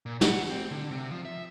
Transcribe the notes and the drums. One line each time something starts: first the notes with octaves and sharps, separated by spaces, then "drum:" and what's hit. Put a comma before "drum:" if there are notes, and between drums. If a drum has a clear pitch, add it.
A#2
F#5, drum: snare
C4
D3
C3
F3
E5